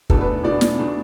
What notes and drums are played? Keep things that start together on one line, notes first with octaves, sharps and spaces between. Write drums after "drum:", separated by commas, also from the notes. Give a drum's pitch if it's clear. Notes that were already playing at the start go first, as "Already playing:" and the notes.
E2 B2 A3 D4 A4, drum: kick
B4
E2 B2 A3 D4 D5
drum: snare
B2 A3 D4